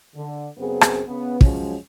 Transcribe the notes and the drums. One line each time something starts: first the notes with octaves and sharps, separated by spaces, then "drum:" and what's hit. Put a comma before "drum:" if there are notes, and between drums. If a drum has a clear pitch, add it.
D3
F#2 C#3 B3 C4 G#4
drum: rim click
C#3 B3
F3 F#3 G#3 C#4, drum: kick